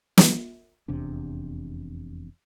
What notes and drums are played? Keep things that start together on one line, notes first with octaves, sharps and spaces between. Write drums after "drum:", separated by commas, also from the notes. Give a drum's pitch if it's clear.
drum: snare
F1 E2 C3 D4